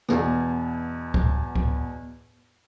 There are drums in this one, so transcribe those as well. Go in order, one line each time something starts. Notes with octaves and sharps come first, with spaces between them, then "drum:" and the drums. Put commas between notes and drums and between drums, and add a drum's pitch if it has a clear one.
E2 B2, drum: rim click
drum: kick C#2
drum: kick C#2